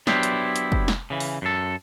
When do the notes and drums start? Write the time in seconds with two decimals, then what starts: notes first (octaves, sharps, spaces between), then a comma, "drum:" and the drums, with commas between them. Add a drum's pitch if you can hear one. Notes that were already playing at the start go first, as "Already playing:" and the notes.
0.07 F#3 B3 D4 E4 G4 C5, drum: snare
0.23 drum: hi-hat
0.56 drum: hi-hat
0.72 drum: kick
0.88 drum: snare
1.10 C#3 E3
1.20 drum: open hi-hat
1.42 F#2 A4